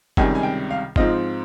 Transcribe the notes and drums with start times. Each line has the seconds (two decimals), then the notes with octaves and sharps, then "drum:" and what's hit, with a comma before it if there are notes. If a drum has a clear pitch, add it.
0.17 C#2 C3 D#3 G3 G#5, drum: kick G1
0.35 G#5
0.43 G5
0.70 F5
0.96 G#2 F3 C4 F4 D#5, drum: kick G1